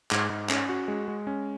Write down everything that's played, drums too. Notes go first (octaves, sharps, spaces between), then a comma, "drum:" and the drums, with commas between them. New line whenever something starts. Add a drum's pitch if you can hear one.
G#2, drum: clap
G#2
C#4, drum: clap
F#4
G#3
G#3
C#4